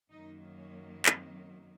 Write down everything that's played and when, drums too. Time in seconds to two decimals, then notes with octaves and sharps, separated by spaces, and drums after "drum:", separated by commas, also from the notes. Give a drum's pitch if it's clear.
0.11 F#2 D#3 F#3 A#3 D#4
0.58 C#4
1.06 C4, drum: clap